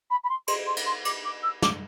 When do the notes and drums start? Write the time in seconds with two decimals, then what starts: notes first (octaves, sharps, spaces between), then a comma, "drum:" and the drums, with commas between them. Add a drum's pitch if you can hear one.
0.10 B5
0.24 B5
0.29 C6
0.48 C6, drum: cymbal
0.66 C6
0.77 drum: cymbal
0.86 C6
1.05 D6, drum: cymbal
1.25 D6
1.43 E6
1.62 D6, drum: snare